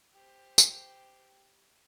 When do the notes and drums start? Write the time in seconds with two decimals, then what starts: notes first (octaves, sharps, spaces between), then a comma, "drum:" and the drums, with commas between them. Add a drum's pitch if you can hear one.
0.13 G4 C5
0.58 drum: tambourine